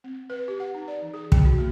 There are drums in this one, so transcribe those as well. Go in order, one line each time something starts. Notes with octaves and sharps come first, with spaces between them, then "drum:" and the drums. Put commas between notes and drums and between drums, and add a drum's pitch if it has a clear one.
C4
B4
G4
F#5
D#4
D5
E3
G#4
G5, drum: kick
F#4
A#3